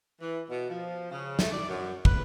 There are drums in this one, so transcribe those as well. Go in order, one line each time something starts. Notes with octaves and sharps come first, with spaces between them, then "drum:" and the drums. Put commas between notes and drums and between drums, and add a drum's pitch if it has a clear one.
E3
B2
F3
C#3
A3, drum: snare
D5
F#2
B4, drum: kick